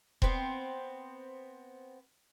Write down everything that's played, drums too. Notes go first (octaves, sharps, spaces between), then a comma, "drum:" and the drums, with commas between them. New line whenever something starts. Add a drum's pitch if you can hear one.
B3 C4, drum: kick E1